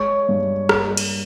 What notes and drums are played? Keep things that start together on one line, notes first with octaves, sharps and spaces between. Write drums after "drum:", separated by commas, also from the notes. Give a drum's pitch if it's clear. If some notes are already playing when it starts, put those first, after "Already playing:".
Already playing: G#3 C#5 C#6
G2
A#3, drum: rim click
drum: cymbal